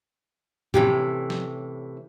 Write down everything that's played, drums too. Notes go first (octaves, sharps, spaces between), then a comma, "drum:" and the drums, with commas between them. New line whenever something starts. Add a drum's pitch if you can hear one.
A2 C3 E3 C#4 G4, drum: tom A2
drum: snare